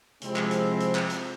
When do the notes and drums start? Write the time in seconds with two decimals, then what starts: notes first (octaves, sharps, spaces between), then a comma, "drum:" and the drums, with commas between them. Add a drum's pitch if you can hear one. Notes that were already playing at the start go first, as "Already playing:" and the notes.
0.21 C3 F3 G#3 C4 E4, drum: hi-hat
0.36 drum: clap
0.51 drum: hi-hat
0.80 drum: hi-hat
0.95 drum: clap
1.10 drum: hi-hat